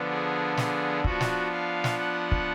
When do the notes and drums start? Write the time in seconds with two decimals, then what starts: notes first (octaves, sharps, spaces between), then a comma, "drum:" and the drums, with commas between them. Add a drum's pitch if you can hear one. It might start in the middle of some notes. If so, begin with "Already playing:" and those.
Already playing: D3 F3 B3 D4
0.10 G#4
0.57 G#4, drum: snare
1.04 F3 B3 D4 F#4, drum: kick
1.21 drum: snare
1.52 F5
1.84 drum: snare
2.00 F#5
2.31 drum: kick